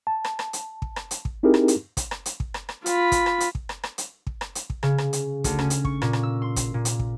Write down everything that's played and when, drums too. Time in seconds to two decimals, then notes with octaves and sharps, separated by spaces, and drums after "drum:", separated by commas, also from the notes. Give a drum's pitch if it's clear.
0.07 A5
0.24 drum: rim click
0.39 drum: rim click
0.53 drum: hi-hat
0.82 drum: kick
0.96 drum: rim click
1.11 drum: hi-hat
1.25 drum: kick
1.43 C4 D#4 E4 G4 G#4 A#4
1.54 drum: rim click
1.68 drum: hi-hat
1.97 drum: kick, hi-hat
2.11 drum: rim click
2.26 drum: hi-hat
2.40 drum: kick
2.54 drum: rim click
2.69 drum: rim click
2.86 F4 B5, drum: hi-hat
3.12 drum: kick, hi-hat
3.26 drum: rim click
3.40 drum: hi-hat
3.55 drum: kick
3.69 drum: rim click
3.83 drum: rim click
3.98 drum: hi-hat
4.27 drum: kick
4.41 drum: rim click
4.55 drum: hi-hat
4.70 drum: kick
4.83 C#3, drum: rim click
4.98 drum: rim click
5.13 drum: hi-hat
5.44 D2, drum: kick, hi-hat
5.59 C#4, drum: rim click
5.70 drum: hi-hat
5.85 C#6, drum: kick
6.02 A#2, drum: rim click
6.13 drum: rim click
6.23 E6
6.42 C6
6.56 drum: kick, hi-hat
6.74 A#2
6.85 drum: hi-hat
6.99 drum: kick